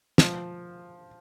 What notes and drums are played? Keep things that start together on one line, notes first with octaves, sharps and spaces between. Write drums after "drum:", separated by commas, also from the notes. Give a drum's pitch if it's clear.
F3, drum: snare